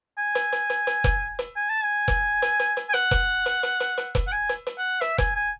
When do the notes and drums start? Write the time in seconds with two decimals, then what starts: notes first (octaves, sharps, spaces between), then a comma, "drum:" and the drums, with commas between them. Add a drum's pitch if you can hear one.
0.18 G#5
0.35 drum: hi-hat
0.52 drum: hi-hat
0.70 drum: hi-hat
0.87 drum: hi-hat
1.04 drum: kick F1, hi-hat
1.39 drum: hi-hat
1.56 G#5
1.70 A5
1.84 G#5
2.08 drum: kick F1, hi-hat
2.42 drum: hi-hat
2.59 drum: hi-hat
2.77 drum: hi-hat
2.89 G#5
2.94 F#5, drum: hi-hat
3.11 drum: kick F1, hi-hat
3.46 drum: hi-hat
3.63 drum: hi-hat
3.80 drum: hi-hat
3.98 drum: hi-hat
4.15 drum: kick F1, hi-hat
4.28 F#5
4.32 G#5
4.49 drum: hi-hat
4.67 drum: hi-hat
4.78 F#5
5.01 E5, drum: hi-hat
5.18 G#5, drum: kick F1, hi-hat
5.36 G#5